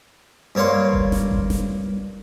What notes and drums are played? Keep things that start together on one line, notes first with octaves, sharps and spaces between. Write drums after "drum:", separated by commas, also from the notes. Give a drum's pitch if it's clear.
G2 A#3 C#5 F5 C6
drum: kick F#1
drum: snare
drum: kick F#1
drum: snare